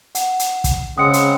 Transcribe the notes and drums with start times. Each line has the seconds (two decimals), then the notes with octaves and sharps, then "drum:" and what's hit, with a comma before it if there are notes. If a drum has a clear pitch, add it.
0.15 F#5, drum: hi-hat
0.39 drum: hi-hat
0.64 drum: kick, hi-hat
0.98 C#3 G#3 C4 F#5 D#6 C#7
1.13 drum: hi-hat